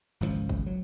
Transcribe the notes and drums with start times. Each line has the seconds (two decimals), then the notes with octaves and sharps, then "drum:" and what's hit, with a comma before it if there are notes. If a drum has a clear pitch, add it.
0.21 G#1 C#2 C3 F3
0.49 drum: kick
0.66 F#3